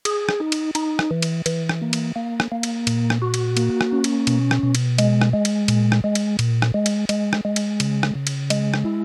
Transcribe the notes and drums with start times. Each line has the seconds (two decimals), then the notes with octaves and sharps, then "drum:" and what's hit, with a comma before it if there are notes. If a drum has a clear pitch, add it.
0.05 G#4, drum: cymbal
0.29 drum: rim click
0.40 D#4
0.52 drum: cymbal
0.75 D#4, drum: cymbal
0.99 drum: rim click
1.11 E3
1.22 drum: cymbal
1.46 E3, drum: cymbal
1.69 drum: rim click
1.82 A#3
1.93 drum: cymbal
2.16 A#3
2.40 drum: rim click
2.52 A#3
2.63 drum: cymbal
2.87 A#2, drum: cymbal
3.10 drum: rim click
3.22 F#4
3.34 drum: cymbal
3.57 A#3, drum: cymbal
3.81 drum: rim click
3.92 C#4
4.04 drum: cymbal
4.27 B2, drum: cymbal
4.51 drum: rim click
4.63 B2
4.75 drum: cymbal
4.98 G#3, drum: cymbal
5.22 drum: rim click
5.33 G#3
5.45 drum: cymbal
5.68 A#2, drum: cymbal
5.92 drum: rim click
6.04 G#3
6.15 drum: cymbal
6.39 A#2, drum: cymbal
6.62 drum: rim click
6.74 G#3
6.86 drum: cymbal
7.09 G#3, drum: cymbal
7.33 drum: rim click
7.45 G#3
7.56 drum: cymbal
7.80 C#3, drum: cymbal
8.03 drum: rim click
8.15 C#3
8.27 drum: cymbal
8.50 G#3, drum: cymbal
8.74 drum: rim click
8.85 E4